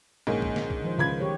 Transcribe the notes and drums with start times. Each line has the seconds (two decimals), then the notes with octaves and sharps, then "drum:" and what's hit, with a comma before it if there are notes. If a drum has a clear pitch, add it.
0.27 A#1 G#2 G#3 A#3 C#4
0.42 drum: kick B1
0.56 drum: snare
0.70 drum: kick B1
0.82 D#3 F3 C5
0.98 C#2 B5 G#6
1.21 D#3 G4 C#5